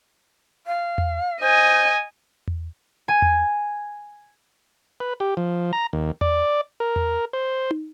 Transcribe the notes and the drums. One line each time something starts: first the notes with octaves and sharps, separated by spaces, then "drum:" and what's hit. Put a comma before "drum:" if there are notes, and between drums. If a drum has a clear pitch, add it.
F5
drum: tom E2
C5 D#5 G#5
drum: tom E2
G#5
drum: tom E2
B4
G4
F3
A#5
D#2
D5, drum: tom E2
A#4
drum: tom E2
C5
drum: tom